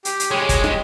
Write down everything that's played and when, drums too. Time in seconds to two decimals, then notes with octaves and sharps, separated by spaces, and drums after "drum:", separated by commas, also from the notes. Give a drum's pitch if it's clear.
0.05 G4, drum: hi-hat
0.20 drum: hi-hat
0.31 G#3 G4 C#5
0.49 drum: kick, hi-hat
0.64 drum: rim click